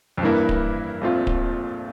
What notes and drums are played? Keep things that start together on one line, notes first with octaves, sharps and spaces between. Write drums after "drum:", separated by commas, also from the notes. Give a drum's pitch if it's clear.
F2
G2 E3 A#3 E4 A#4 E5
drum: kick D1
A#1 A#2 A3 C4 F4
drum: kick D1